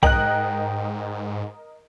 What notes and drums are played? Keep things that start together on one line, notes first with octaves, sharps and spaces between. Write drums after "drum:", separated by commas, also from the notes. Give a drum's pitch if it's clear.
G#2 A#4 D#5 G5 F#6 F#7, drum: kick